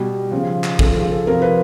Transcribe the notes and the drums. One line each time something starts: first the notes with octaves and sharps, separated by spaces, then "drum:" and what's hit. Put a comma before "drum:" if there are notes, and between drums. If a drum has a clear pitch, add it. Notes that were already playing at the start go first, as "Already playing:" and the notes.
Already playing: B2 G3
C#3 F3
drum: clap
C#3 F3 A4, drum: kick
G#4
A4
C3 F3 A#4
B4